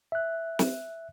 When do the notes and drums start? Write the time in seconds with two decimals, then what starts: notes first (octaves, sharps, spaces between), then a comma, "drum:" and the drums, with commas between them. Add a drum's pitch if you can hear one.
0.12 E5 F#6
0.59 drum: snare